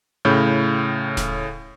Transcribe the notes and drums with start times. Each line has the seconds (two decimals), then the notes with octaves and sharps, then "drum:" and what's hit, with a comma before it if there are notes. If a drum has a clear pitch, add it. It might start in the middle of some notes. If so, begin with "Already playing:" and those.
0.25 A2 C#3 B5 G6
1.17 drum: snare D#1